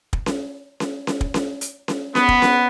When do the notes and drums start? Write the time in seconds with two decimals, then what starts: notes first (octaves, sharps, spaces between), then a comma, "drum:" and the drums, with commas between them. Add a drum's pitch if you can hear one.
0.13 drum: kick
0.26 drum: snare C#4
0.80 drum: snare C#4
1.07 drum: snare C#4
1.21 drum: kick
1.34 drum: snare C#4
1.61 drum: hi-hat
1.88 drum: snare C#4
2.15 B3, drum: snare C#4
2.28 drum: kick
2.42 drum: snare C#4